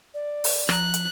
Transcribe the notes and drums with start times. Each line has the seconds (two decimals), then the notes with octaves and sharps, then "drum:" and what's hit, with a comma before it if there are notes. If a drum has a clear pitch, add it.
0.14 D5
0.44 drum: open hi-hat
0.69 F3 A#5 F#6, drum: rim click
0.94 drum: hi-hat